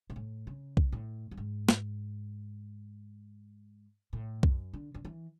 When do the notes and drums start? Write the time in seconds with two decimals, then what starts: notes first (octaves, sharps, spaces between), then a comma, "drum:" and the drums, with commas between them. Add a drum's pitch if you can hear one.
0.10 G#2
0.16 A2
0.47 C#3
0.77 drum: kick B1
0.92 A2
1.31 F#2
1.37 G#2
1.69 drum: snare
4.13 A2
4.43 F#2, drum: kick B1
4.73 D3
4.94 D3
5.05 E3